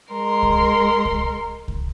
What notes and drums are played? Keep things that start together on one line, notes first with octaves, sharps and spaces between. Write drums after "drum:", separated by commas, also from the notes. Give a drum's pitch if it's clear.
G#3 A#4 C6
drum: kick C2
drum: kick C2
drum: kick C2